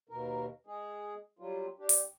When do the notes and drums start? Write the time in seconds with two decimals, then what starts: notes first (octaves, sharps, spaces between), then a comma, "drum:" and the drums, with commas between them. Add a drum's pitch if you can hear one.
0.09 D#2 B2 A#4
0.66 G#3 G#4
1.39 F#3 G3 F4
1.79 D4 G4
1.89 drum: open hi-hat